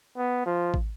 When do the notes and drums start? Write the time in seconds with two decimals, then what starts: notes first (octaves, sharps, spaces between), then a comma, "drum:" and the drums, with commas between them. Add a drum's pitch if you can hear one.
0.17 B3
0.46 F3
0.74 drum: kick